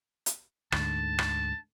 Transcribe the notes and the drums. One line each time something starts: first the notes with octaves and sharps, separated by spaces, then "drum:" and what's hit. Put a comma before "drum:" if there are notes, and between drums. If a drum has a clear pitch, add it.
drum: hi-hat
D2 G#2 D3 A5, drum: rim click
drum: rim click